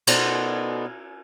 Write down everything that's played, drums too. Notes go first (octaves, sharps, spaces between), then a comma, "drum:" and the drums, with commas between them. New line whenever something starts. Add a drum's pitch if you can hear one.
B2 B3 D#4 A4 C5 D5, drum: cymbal